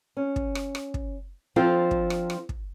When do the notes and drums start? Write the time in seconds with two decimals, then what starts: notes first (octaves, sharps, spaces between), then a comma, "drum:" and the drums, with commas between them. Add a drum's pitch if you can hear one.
0.17 C#4
0.36 drum: kick
0.55 drum: rim click
0.75 drum: rim click
0.94 drum: kick
1.56 F3 C4 D4 F4 A4 C5
1.91 drum: kick
2.10 drum: rim click
2.30 drum: rim click
2.49 drum: kick